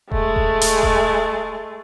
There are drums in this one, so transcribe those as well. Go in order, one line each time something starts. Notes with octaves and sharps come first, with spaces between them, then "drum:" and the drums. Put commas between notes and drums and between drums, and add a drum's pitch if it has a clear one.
G#3 A3, drum: kick D#1
drum: kick D#1
drum: hi-hat
drum: kick D#1